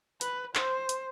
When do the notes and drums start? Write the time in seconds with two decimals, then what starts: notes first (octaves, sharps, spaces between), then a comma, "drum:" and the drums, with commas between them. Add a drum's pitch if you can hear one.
0.21 B4, drum: hi-hat
0.55 C5, drum: clap
0.89 drum: hi-hat